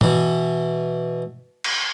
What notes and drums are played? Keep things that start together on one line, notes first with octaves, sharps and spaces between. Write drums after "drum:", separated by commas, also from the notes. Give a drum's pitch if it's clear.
B2 E3, drum: tom
drum: cymbal